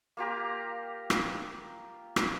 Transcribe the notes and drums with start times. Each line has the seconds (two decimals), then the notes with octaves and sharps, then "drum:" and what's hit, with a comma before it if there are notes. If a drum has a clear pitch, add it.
0.17 A#3 F4 G4 A#5
1.10 drum: rim click
2.16 drum: rim click